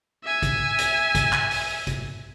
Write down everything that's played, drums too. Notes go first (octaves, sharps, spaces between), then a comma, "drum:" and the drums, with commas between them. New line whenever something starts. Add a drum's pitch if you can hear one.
E5 G#5
drum: kick, hi-hat
drum: hi-hat
drum: kick, hi-hat
drum: clap
drum: open hi-hat
drum: kick, hi-hat